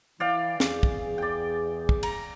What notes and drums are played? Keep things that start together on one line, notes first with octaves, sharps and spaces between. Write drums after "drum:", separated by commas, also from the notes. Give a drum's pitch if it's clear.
E3 D5 F5 G5
E2 G#4, drum: snare
drum: kick
D5 G5
drum: kick
A#5, drum: cymbal